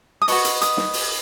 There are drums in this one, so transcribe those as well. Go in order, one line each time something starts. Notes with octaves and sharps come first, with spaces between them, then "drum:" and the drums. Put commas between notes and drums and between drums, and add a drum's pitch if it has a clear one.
D#6
F#4 B4 D#5 C#6, drum: open hi-hat
drum: hi-hat
D#6, drum: hi-hat
drum: snare
drum: open hi-hat